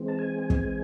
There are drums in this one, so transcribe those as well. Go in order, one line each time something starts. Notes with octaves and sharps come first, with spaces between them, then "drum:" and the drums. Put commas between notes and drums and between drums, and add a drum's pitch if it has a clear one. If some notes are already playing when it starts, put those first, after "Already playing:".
Already playing: E3 G#3 C4
A5
G#5
drum: kick